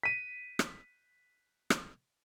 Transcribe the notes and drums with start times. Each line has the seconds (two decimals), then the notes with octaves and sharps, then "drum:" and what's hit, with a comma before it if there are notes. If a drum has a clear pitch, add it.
0.03 B6 D#7
0.59 drum: rim click
1.70 drum: rim click